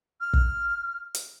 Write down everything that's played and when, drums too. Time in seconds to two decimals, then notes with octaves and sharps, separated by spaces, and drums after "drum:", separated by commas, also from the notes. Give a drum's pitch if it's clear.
0.21 F6
0.33 drum: kick
1.14 drum: hi-hat